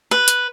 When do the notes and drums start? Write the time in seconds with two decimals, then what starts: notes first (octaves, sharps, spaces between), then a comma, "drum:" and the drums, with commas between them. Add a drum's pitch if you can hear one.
0.11 B4
0.28 drum: hi-hat